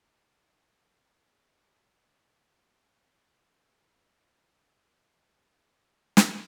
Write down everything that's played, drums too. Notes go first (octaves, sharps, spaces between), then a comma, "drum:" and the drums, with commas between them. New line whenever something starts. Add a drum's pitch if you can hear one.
A3 E5
F#3
G4
C4 G5
D3
E4 E5
D2 G3
drum: snare